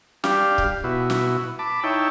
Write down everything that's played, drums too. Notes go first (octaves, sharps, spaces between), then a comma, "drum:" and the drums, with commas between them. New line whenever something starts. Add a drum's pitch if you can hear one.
G3 D4 G4 F5, drum: snare
drum: kick C#1
B2 E4 F#4
drum: snare
A5 B5 D6
D#4 E4 C#5 G5 A5